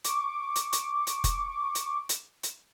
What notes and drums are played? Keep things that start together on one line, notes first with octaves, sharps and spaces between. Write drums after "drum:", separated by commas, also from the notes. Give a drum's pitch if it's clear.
C#6 D6, drum: hi-hat
drum: hi-hat
drum: hi-hat
drum: hi-hat
drum: kick F1, hi-hat
drum: hi-hat
drum: hi-hat
drum: hi-hat